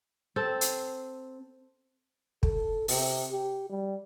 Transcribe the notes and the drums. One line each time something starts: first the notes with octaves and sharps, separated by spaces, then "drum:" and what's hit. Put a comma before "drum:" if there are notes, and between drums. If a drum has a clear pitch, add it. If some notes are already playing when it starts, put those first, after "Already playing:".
C4 A4
drum: hi-hat
A4, drum: kick
C3, drum: open hi-hat
G4
G3